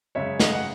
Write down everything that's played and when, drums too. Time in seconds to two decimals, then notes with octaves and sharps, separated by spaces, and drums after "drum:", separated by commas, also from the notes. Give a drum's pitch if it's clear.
0.15 F#2 C#3 G#3 C#5 E5
0.40 D#5 F#5, drum: snare
0.53 F#5